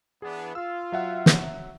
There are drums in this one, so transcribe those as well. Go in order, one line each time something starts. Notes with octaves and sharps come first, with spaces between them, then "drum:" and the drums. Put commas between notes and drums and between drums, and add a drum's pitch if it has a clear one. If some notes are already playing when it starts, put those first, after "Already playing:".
E3 B3 D4 G#4
F4 F5 E6
F#3 E5 F#5
drum: snare